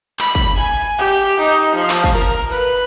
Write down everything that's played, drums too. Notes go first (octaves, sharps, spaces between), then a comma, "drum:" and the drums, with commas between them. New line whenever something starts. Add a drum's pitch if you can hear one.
B5, drum: clap
drum: kick
G#5
G4
D#4
F3
drum: clap
drum: kick
A#4
B4